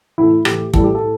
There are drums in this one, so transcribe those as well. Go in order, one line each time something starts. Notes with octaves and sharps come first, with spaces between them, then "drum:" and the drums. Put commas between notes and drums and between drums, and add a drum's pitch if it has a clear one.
A2 E3 A3 E4
A2 E3 A3 G4, drum: rim click
A2 E3 G3 A4, drum: kick
G4
A4
A2